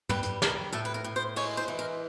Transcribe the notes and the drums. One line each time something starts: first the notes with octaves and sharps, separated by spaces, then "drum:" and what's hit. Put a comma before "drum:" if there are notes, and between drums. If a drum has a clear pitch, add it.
G3 B4, drum: tom
drum: hi-hat
G3 A#4, drum: snare
A2 A4
B4
A#4
A2
C5
G#3 C#5, drum: open hi-hat
C5
E3
A#4